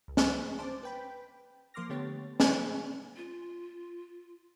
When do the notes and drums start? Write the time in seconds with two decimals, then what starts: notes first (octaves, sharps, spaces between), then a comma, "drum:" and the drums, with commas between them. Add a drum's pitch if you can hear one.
0.08 C#2
0.17 drum: snare
0.59 C5 A5 D6
0.83 B4 G5 B5
1.74 F3 A#3 C6 D6 F6 A#6
1.89 D3 A3 B3 G4 C#5 A6
2.40 drum: snare
3.17 F4